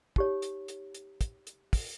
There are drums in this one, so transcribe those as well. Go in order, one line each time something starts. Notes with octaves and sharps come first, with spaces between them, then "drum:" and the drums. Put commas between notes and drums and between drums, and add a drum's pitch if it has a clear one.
D#4 G4 C#5, drum: kick
drum: hi-hat
drum: hi-hat
drum: hi-hat
drum: kick, hi-hat
drum: hi-hat
drum: kick, open hi-hat